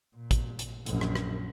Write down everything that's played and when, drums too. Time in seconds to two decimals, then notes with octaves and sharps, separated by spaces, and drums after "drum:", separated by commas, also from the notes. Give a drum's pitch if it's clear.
0.17 A#2
0.31 drum: kick, hi-hat
0.59 drum: hi-hat
0.86 A#1 F#2, drum: hi-hat
1.01 drum: rim click
1.15 drum: rim click